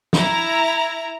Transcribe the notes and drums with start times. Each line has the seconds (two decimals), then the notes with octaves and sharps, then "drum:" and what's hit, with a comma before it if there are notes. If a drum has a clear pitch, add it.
0.13 E4 A#5, drum: snare